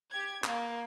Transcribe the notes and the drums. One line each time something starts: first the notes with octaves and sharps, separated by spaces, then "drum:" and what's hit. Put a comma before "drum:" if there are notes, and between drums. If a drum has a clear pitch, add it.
G4 G#6
A#3, drum: clap